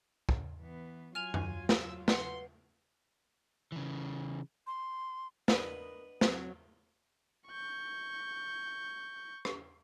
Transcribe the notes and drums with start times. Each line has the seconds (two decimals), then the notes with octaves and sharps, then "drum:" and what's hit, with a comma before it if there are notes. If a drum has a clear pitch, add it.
0.29 drum: kick
0.59 E3 B3
1.15 F#3 F4 G#5 F6 D#7 F7
1.34 drum: tom F#2
1.69 E6, drum: snare
2.08 B4 F#5 C6, drum: snare
3.72 C#3 E3
4.67 C6
5.48 B3 D4 A#4 B4 D#5, drum: snare
6.21 F#3 C4, drum: snare
7.49 C#6 G6
9.45 drum: rim click